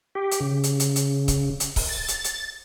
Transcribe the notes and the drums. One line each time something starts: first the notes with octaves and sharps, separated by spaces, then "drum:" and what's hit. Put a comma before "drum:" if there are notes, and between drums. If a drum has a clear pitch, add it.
G4
drum: hi-hat
C#3
drum: hi-hat
drum: hi-hat
drum: hi-hat
drum: kick C#1, hi-hat
drum: hi-hat
drum: kick C#1, open hi-hat
A6
drum: hi-hat
drum: hi-hat